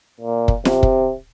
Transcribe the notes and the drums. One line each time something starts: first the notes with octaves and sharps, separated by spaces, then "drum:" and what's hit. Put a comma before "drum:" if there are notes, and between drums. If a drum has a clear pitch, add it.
A#2
drum: kick
C3, drum: snare
drum: kick